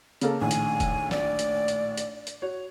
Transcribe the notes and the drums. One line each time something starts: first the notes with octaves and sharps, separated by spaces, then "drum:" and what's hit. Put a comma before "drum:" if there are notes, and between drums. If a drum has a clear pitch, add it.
C#3 A#3 A4, drum: hi-hat
A#1 A2 D#3 G#5
drum: hi-hat
drum: kick F1, hi-hat
D5, drum: snare
drum: hi-hat
drum: hi-hat
drum: hi-hat
drum: hi-hat
F#4 C#5